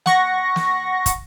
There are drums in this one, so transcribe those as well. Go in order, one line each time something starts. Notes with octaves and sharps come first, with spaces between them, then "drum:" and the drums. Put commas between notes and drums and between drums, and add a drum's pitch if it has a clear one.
F#5 C#6 A#6, drum: snare
drum: snare
drum: kick, hi-hat